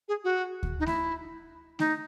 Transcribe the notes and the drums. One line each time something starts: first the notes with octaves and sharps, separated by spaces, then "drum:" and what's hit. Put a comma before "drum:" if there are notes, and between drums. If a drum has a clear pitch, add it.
G#4
F#4
drum: kick D2
D#4
E4, drum: snare A3
D#4, drum: snare A3